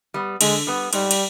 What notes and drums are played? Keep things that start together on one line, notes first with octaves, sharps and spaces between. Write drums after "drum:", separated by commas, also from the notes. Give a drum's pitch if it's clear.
G3 B3
D3 G#3, drum: cymbal
G3 B3
G#2 G3, drum: cymbal
drum: cymbal